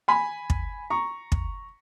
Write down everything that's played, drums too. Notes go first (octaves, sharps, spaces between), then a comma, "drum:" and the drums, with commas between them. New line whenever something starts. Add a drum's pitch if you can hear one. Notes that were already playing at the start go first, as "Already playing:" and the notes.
G#5 B5
drum: kick
A#5 C#6
drum: kick